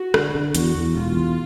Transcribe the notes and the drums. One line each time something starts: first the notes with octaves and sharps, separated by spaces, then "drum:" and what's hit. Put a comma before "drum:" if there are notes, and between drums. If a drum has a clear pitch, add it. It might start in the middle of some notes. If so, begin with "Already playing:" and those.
Already playing: F#4
D3, drum: rim click
D3
E2 F#4, drum: hi-hat
E2
E1 F4
E2